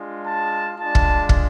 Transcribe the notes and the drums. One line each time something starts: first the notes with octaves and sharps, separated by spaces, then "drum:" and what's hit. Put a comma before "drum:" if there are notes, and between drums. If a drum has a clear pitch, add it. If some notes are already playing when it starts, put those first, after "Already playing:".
Already playing: G#3 D4 F4
A5
G#3 D4 F4 A5
drum: kick
drum: kick